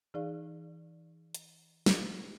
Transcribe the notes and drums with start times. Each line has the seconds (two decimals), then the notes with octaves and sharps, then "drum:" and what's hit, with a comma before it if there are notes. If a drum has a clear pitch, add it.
0.14 E3 D#4 G#4 D5 F5
1.35 drum: hi-hat
1.86 drum: snare